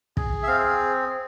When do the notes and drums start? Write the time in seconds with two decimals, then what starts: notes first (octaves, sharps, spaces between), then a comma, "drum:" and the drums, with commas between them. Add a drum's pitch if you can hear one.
0.17 G#4, drum: kick
0.43 E5
0.47 C4 F5